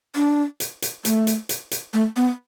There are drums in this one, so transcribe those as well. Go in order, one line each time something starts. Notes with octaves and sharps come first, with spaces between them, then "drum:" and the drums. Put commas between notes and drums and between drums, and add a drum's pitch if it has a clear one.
D4
drum: hi-hat
drum: hi-hat
A3, drum: hi-hat
drum: hi-hat
drum: hi-hat
drum: hi-hat
A3
B3